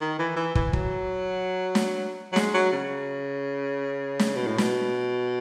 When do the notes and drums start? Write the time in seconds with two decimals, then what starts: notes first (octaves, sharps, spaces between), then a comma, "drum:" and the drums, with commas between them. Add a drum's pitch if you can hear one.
0.01 D#3
0.19 E3
0.36 E3
0.55 E3, drum: kick
0.73 F#3, drum: kick
1.75 drum: snare
2.33 F#3
2.36 G#3, drum: snare
2.54 F#3
2.73 C#3
4.19 drum: snare
4.36 B2
4.47 A2
4.58 B2, drum: snare